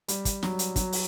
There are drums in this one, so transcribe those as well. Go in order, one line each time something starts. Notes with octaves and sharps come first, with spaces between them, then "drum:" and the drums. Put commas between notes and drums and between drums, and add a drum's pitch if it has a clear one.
G3, drum: hi-hat
drum: kick, hi-hat
F#3, drum: snare
drum: hi-hat
F#3, drum: kick, hi-hat
drum: open hi-hat